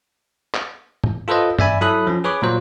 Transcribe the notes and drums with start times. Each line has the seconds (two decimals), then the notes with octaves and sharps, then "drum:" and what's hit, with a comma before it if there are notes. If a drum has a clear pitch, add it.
0.54 drum: clap
1.04 drum: tom G#2
1.28 F4 A4 B4 C5 D#5
1.59 D5 E5 G#5 B5, drum: tom G2
1.81 F#3 E4 A4 B5 D#6 F#6
2.07 F3 C#4
2.24 G#4 B4 C#5 B5 D6
2.42 A#2 F#3 C5